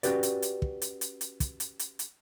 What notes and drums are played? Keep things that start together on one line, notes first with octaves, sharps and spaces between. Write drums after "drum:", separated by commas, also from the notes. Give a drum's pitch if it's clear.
C#4 F#4 G4 B4 D5, drum: hi-hat
drum: hi-hat
drum: hi-hat
drum: kick
drum: hi-hat
drum: hi-hat
drum: hi-hat
drum: kick, hi-hat
drum: hi-hat
drum: hi-hat
drum: hi-hat